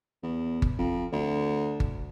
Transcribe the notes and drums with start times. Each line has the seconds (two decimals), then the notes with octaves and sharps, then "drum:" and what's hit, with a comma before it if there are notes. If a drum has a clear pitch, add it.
0.23 E2
0.62 drum: kick G1
0.79 F2
1.13 D2
1.80 drum: kick G1